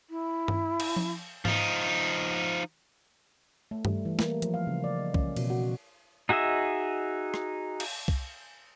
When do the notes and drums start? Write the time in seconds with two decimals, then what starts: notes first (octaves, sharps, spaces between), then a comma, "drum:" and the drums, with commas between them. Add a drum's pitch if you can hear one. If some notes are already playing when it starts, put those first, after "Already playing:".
0.10 E4
0.48 drum: tom G2
0.80 drum: cymbal
0.97 drum: tom F3
1.45 F3 D#4, drum: tom G#2
3.71 A3
3.85 G3, drum: tom G2
4.05 E3
4.19 A#3, drum: snare
4.42 F3, drum: hi-hat
4.54 F5
4.67 C#3
4.84 D5
4.98 D#5
5.14 C#4, drum: kick
5.36 B2, drum: cymbal
5.50 F#4
6.29 D#4 F#4 G#4 D#5 E5
7.34 drum: rim click
7.80 drum: cymbal
8.08 drum: kick